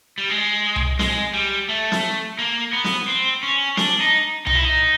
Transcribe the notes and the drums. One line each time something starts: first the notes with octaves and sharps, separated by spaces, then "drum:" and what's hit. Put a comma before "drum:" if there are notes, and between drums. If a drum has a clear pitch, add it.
G3
G#3
drum: tom C2
G#3, drum: snare
G3
A3
drum: snare
A#3
B3
drum: snare
C4
C#4
D4, drum: snare
D#4
D#4, drum: tom C2
E4
D#4